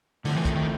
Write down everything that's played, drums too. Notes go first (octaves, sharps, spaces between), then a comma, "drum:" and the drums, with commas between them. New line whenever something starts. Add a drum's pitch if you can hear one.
A2 D3 F3 A3 C4, drum: open hi-hat
E3
D#3, drum: kick, hi-hat
D#3